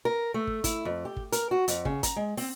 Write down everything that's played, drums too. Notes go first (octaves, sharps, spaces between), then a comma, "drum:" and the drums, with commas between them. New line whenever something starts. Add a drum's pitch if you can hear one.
A#4
A3
drum: kick
E4, drum: kick, hi-hat
F2
G4
drum: kick
A#4, drum: hi-hat
F#4
F2, drum: hi-hat
C#3, drum: kick
A#5, drum: kick, hi-hat
G#3
C4, drum: open hi-hat